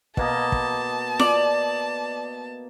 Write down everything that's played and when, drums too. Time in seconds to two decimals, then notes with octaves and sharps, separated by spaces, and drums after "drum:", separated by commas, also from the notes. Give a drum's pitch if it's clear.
0.17 B2 A#3 D#5 A5, drum: kick
0.52 drum: kick
1.19 D5, drum: snare F4